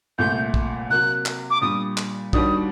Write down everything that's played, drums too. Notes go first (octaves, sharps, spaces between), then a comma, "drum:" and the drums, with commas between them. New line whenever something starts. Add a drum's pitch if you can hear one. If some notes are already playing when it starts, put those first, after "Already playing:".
C2 A#2 A3 G6
drum: kick
C3 F#3 A#3 F#4 F#6
drum: clap
D6
A#2 G3 D4 D#6
drum: clap
D#2 D#3 G3 D4 F#4 D#6, drum: kick